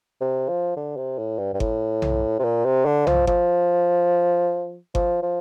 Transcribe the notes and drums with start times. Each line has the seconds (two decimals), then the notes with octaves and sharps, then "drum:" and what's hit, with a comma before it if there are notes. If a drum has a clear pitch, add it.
0.21 C3
0.49 F3
0.77 D3
0.97 C3
1.19 A2
1.39 G2
1.54 G2
1.60 A2, drum: kick G1
2.02 drum: tom B1
2.39 C3
2.44 A#2
2.65 C3
2.86 D3
3.07 F3, drum: tom B1
3.27 F3, drum: kick G1
4.95 F3, drum: kick G1
5.23 F3